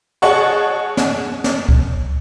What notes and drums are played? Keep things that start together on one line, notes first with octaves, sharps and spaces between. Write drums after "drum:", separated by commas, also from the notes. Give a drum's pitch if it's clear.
G#4 C#5 D#5 F#5 A5 C#6, drum: cymbal
drum: snare
drum: snare
drum: kick C#2